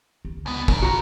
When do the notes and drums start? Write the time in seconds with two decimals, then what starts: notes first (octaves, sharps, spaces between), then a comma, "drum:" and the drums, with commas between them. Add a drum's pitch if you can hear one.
0.25 D2
0.46 C#2 B3
0.68 C#3 A3 A#4, drum: kick
0.83 F#4 A#5